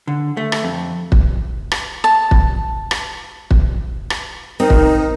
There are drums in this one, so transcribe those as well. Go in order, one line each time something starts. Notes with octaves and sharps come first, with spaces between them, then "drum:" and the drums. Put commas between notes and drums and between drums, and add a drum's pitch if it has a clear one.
D3
A3
drum: rim click
F2
drum: kick
drum: rim click
A5
drum: kick
drum: rim click
drum: kick
drum: rim click
C4 D#4 A#4
drum: kick